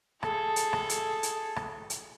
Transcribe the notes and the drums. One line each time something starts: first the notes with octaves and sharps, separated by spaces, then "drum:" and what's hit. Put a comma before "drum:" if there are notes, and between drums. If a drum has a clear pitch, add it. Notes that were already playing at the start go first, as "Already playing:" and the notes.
G#4 A4, drum: rim click
drum: hi-hat
drum: rim click
drum: hi-hat
drum: hi-hat
drum: rim click
drum: hi-hat